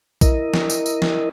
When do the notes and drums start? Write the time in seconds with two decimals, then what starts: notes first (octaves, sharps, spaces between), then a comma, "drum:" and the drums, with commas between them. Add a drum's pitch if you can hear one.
0.21 E4 A#4 D#5, drum: kick, tambourine
0.54 drum: snare
0.70 drum: tambourine
0.86 drum: tambourine
1.02 drum: snare